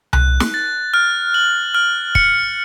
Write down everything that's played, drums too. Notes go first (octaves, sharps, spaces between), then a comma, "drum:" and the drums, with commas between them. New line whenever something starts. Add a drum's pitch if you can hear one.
F#6, drum: tom C2
drum: snare
A6
F6
F#7
F6
C#7, drum: kick